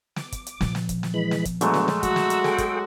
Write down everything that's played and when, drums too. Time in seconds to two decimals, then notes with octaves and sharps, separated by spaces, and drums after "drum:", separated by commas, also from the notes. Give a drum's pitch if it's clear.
0.16 D6, drum: snare
0.32 drum: kick, hi-hat
0.47 drum: hi-hat
0.61 A#2 F3, drum: snare
0.75 drum: snare
0.89 drum: kick, hi-hat
1.03 drum: snare
1.14 E3 G#3 B5
1.31 drum: snare
1.45 drum: kick, hi-hat
1.61 F#3 G#3 A3 B3 D4 F#4, drum: hi-hat
1.74 drum: snare
1.88 drum: snare
2.03 F#4 E6, drum: kick, hi-hat
2.16 drum: snare
2.30 drum: hi-hat
2.44 G#4 A4 G5, drum: snare
2.58 drum: kick, hi-hat